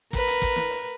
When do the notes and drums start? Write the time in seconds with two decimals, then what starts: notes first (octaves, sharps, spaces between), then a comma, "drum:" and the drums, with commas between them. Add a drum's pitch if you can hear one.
0.13 A#4 B4, drum: kick, hi-hat
0.27 drum: hi-hat
0.42 drum: kick, hi-hat
0.56 drum: snare
0.70 drum: open hi-hat